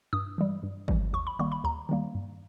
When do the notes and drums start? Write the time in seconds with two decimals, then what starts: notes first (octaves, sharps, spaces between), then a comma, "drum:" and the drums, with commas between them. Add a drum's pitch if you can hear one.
0.13 G2 D#6
0.38 E3 G3
0.63 G2
0.88 E3 G3, drum: kick
1.13 D#2 C#6
1.27 B5
1.39 D#3 G3 A#3 C#6
1.52 B5
1.64 D#2 A#5
1.89 D#3 G3 A#3
2.15 G2